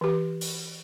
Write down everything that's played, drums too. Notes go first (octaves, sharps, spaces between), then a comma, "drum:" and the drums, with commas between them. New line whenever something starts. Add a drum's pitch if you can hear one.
E3 G4
drum: open hi-hat